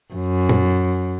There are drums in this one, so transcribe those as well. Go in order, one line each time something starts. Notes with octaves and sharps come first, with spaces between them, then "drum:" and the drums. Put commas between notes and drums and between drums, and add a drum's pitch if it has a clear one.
F#2
drum: tom A#2